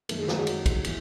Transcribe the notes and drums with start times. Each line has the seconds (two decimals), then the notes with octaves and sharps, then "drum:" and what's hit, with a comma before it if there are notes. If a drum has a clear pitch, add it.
0.09 F#2 D#3 A3, drum: cymbal
0.18 G#3
0.28 F#3, drum: snare
0.37 G#3
0.47 drum: cymbal
0.66 drum: kick, cymbal
0.84 E3, drum: cymbal